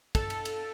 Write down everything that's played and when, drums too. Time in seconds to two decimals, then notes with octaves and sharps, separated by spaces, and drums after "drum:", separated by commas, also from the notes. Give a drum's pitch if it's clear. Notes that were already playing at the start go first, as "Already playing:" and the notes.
0.15 A4, drum: kick, cymbal
0.30 drum: cymbal
0.45 drum: cymbal